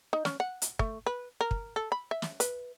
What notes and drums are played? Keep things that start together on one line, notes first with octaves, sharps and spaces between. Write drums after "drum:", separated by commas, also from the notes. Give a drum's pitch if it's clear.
D#4
C#4, drum: snare
F#5
drum: hi-hat
A3, drum: kick
B4
A#4
drum: kick
A4
B5
E5
drum: snare
B4, drum: hi-hat